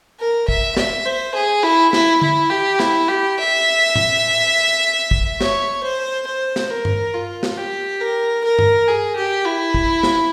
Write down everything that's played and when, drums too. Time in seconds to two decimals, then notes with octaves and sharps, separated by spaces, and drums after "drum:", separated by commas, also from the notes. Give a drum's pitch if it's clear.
0.20 A#4
0.49 E5, drum: kick
0.77 E5, drum: snare
1.06 C5
1.35 G#4
1.64 E4
1.93 E4, drum: snare
2.22 E4, drum: tom D3
2.50 G4
2.80 E4, drum: snare
3.09 G4
3.38 E5
3.95 drum: tom A2
5.11 drum: kick
5.41 C#5, drum: snare
5.83 C5
6.27 C5
6.56 drum: snare
6.70 A#4
6.85 drum: tom G2
7.14 F4
7.43 drum: snare
7.57 G4
8.01 A#4
8.44 A#4
8.59 drum: tom G2
8.88 G#4
9.16 G4
9.46 E4
9.74 drum: kick
10.03 drum: snare